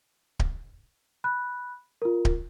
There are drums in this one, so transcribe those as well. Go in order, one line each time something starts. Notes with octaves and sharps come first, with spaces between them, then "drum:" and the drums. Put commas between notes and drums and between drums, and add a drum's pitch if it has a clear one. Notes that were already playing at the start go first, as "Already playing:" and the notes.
drum: kick D1
B5 F#6
F4 A#4
drum: kick D1